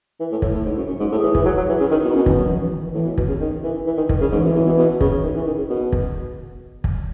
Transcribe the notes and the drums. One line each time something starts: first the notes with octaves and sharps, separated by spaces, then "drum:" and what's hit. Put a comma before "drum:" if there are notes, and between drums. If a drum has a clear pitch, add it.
E3
A2
A2, drum: kick
A2
G#2
F#2
F#2
G#2
A2 G#4
E3
E3, drum: kick
F#3
F#3
E3
C#3
D#3
B2 E4
D#4
C#4
D#3, drum: kick
F#3
E3
E3
D#3
E3
A2 E3
B2
B2, drum: kick
C#3
D#3
E3
E3
D#3
D#3, drum: kick
C#3
G#2 E3
F#2
E2
B2
B2
C#3, drum: kick
D#3
E3
D#3
C#3
B2
drum: kick
drum: kick